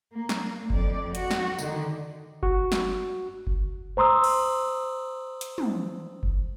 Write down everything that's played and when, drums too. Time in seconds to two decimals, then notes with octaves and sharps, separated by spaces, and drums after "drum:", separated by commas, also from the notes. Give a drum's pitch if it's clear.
0.14 A#3
0.29 drum: snare
0.70 F2 D5, drum: kick F#1
1.15 F#4, drum: hi-hat
1.31 drum: snare
1.59 D3 D#3, drum: tambourine
2.43 F#4, drum: kick F#1
2.72 drum: snare
3.47 drum: kick F#1
3.97 C5 A#5 C6 D#6 E6
4.24 drum: cymbal
5.41 drum: hi-hat
5.58 drum: tom
6.23 drum: kick F#1